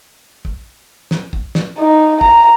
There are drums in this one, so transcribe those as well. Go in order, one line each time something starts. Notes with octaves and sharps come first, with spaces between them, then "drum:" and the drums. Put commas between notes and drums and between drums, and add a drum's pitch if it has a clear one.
drum: kick
drum: snare
drum: kick
drum: snare
D#4
A#5, drum: kick